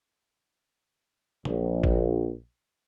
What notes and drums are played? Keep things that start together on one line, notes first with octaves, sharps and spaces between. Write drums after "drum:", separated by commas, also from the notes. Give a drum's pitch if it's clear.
A#1, drum: tom
drum: kick G#1